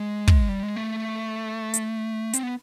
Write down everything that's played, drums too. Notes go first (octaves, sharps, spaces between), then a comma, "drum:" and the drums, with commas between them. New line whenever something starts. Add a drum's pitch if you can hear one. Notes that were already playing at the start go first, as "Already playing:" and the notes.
Already playing: G#3
drum: kick
G3
G#3
A3
drum: hi-hat
C4, drum: hi-hat
B3